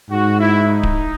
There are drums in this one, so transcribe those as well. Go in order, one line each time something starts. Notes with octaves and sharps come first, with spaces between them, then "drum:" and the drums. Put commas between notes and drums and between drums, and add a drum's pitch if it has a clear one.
G#2 F#4
E4
D#4
drum: kick D1